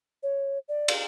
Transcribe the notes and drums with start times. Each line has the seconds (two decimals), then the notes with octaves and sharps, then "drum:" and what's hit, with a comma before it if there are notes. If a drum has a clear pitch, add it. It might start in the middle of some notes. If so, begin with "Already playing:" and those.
0.23 C#5
0.69 D5
0.88 drum: cymbal